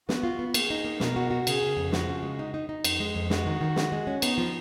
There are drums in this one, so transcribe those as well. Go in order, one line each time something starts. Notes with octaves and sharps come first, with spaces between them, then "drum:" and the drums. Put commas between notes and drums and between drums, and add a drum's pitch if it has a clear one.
B3 F#4, drum: snare
F4
B3
A#3 G#4, drum: cymbal
D#4
A#3
B2 A#4, drum: snare
F#4
F#4
C#3 G#4, drum: cymbal
C#3
F2
F3 F#4, drum: snare
C#3
G#3
D#4
D#4
D#4
F2, drum: cymbal
G#3
F2
G#3 F#4, drum: snare
D#3
D#3
G#3, drum: snare
G#3
C#4
B3 D#4, drum: cymbal
F3